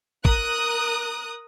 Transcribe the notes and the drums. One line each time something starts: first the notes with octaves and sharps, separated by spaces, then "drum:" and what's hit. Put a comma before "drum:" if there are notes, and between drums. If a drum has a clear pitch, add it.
A#4 D#6 F#6, drum: kick